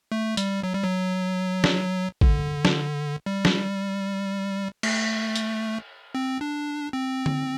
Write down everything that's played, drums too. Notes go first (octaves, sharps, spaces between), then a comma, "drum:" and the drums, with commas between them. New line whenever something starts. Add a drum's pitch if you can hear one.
A3
G3, drum: hi-hat
F#3
G3
F#3
drum: snare
D3, drum: kick
drum: snare
G3
drum: snare
A3, drum: cymbal
drum: hi-hat
C4
D4
C4
drum: tom D3